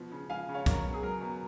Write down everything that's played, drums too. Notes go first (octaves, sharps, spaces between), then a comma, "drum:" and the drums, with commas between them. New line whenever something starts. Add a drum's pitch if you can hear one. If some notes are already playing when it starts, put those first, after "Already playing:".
Already playing: B2 F3
C#3
F3 F5 G#5
C#3
C#5 F5
F#3 A#4 C#5, drum: kick, hi-hat
B2
G#4
F#3 A#4
B2